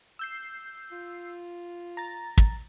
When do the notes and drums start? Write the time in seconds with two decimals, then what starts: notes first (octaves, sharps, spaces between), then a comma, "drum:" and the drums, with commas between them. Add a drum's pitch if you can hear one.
0.19 E6 G6 C7
0.91 F4
1.97 A#5 A6
2.38 drum: kick